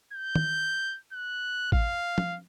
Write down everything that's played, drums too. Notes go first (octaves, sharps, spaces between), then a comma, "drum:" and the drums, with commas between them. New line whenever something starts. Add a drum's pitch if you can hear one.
G6
drum: tom
F#6
F5, drum: kick A1
drum: tom